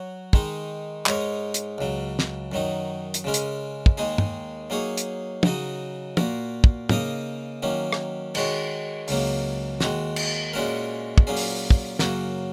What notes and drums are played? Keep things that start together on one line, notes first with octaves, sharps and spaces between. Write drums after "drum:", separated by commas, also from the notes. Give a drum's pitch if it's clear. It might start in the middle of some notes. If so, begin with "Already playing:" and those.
Already playing: F#3 F#4 C#5
D#3 G#3 D#4, drum: kick
G#2 G#3 D#4 A#4 C#5, drum: clap
drum: hi-hat
C#2 C#3 F#3
drum: snare
F#2 D#3 F#3 D#4
drum: hi-hat
C#3 G#3 C#4 A#4
drum: hi-hat
drum: kick
D#2 D#3 G#3 D#4 G#4
drum: tom
F#3 A#3 D#4 G#4 C#5
drum: hi-hat
C#3 F#3 D#4 F#4 D#5, drum: tom
A#2 A#3 F#4 A#4, drum: tom
drum: kick
C#3 A#3 D#4 A#4 D#5, drum: tom
D#3 F#3 A#3 C#4
drum: rim click
D#3 G#3 F#4 C#5, drum: cymbal
C#2 C#3 F#3 A#3, drum: open hi-hat
D#2 D#3 G#3 F#4, drum: snare
drum: cymbal
A#2 G#3 C#4 F#4 A#4
drum: kick
A#2 F#3 A#3 C#4 G#4
drum: open hi-hat
drum: kick
F#2 C#3 F#3 A#3 F#4, drum: snare